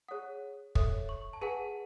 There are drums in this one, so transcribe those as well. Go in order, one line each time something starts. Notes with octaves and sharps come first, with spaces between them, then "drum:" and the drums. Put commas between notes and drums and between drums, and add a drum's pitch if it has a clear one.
G#4 C#5 F#5 D#6
A4 C#5 E5 D#6, drum: kick
C#6
A5
G#4 B4 F#5 G#5